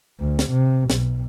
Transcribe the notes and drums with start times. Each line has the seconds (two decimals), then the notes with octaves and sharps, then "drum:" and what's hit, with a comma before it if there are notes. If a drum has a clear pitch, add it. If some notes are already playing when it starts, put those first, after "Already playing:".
0.20 D2
0.39 drum: snare
0.50 C3
0.90 B1, drum: snare